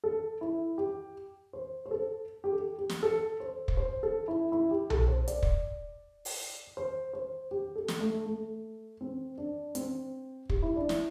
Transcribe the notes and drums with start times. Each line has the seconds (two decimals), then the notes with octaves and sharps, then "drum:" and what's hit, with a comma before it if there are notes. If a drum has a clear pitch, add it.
0.04 A4
0.41 E4
0.78 G4
1.53 C5
1.86 C5
1.91 A4
2.44 G4
2.52 A4
2.78 G4
2.89 drum: snare
3.03 A4
3.40 C5
3.68 drum: kick
3.77 C5
4.03 A4
4.28 E4
4.52 E4
4.71 G4
4.90 A4, drum: tom B1
5.08 C5
5.28 D5, drum: hi-hat
5.43 drum: kick
6.25 drum: open hi-hat
6.77 C5
7.13 C5
7.51 G4
7.75 A4
7.88 drum: snare
8.00 A3
8.26 A3
9.01 C4
9.38 D4
9.75 C4, drum: hi-hat
10.50 G4, drum: kick
10.62 E4
10.76 D4
10.89 E4, drum: snare